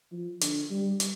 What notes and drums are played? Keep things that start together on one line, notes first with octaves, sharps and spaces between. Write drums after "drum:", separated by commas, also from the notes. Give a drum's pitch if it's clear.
F3
D3, drum: hi-hat
G3
drum: hi-hat